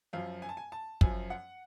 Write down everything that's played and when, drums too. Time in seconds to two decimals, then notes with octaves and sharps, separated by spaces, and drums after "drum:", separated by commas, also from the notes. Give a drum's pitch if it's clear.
0.13 F#2 F3 F5
0.42 G#5
0.49 A5
0.57 G#5
0.72 A5
1.01 F#2 F3 G#5, drum: kick
1.30 F#5